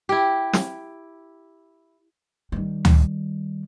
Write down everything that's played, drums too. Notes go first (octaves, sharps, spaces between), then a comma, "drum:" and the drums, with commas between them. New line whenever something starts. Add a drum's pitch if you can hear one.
E4 G4
drum: snare
D#3 G3
drum: tom D2